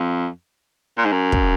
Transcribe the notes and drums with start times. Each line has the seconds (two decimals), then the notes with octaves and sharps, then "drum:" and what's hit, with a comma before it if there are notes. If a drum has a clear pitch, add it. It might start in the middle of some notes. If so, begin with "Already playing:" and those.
Already playing: F2
0.98 A#2
1.05 G#2
1.12 F#2
1.32 drum: kick